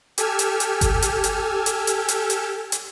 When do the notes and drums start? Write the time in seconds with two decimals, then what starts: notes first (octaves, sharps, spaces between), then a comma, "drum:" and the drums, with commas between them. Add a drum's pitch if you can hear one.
0.18 G4 A4 G#5 E6 F6 G#6, drum: hi-hat
0.39 drum: hi-hat
0.60 drum: hi-hat
0.81 drum: kick G1, hi-hat
1.02 drum: hi-hat
1.24 drum: hi-hat
1.66 drum: hi-hat
1.87 drum: hi-hat
2.08 drum: hi-hat
2.30 drum: hi-hat
2.72 drum: hi-hat